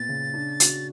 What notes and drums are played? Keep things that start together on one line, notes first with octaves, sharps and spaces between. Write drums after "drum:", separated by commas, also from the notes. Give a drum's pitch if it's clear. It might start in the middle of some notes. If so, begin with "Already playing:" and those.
Already playing: A#2 B3 A6
C#3
D4
F#4, drum: hi-hat